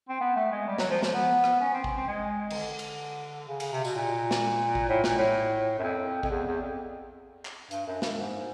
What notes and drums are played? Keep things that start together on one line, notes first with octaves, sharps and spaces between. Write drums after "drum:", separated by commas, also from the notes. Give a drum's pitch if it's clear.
C4
B3
A3
G#3
G3
F#3, drum: snare
F3
F3, drum: snare
B3
drum: rim click
C#4
C4
C#4, drum: kick A1
C4
G#3
D#3, drum: cymbal
D3
drum: cymbal
C#3
C#3, drum: cymbal
C3
B2, drum: tambourine
A#2
drum: snare
drum: kick A1
A2
A#2, drum: snare
A2
F#2
F2
F2, drum: kick A1
E2
E2
F2
drum: clap
G2, drum: hi-hat
F#2
G2, drum: snare
G#2